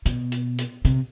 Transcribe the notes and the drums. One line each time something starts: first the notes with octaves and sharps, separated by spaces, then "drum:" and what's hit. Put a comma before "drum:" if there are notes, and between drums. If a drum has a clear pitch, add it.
B2, drum: hi-hat
drum: hi-hat
drum: hi-hat
C3, drum: hi-hat